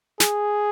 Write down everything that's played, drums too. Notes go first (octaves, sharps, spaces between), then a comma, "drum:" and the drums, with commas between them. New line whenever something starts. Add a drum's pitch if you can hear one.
G#4, drum: snare